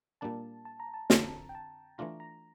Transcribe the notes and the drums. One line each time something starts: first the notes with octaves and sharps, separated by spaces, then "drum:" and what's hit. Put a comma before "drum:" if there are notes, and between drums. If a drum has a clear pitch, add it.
A#2 G3 A#3 D4 A5
A5
A#5
A5
F2 D3 F3 A5, drum: snare
G5
A5
E3 A3 D4 F4 A#5
A#5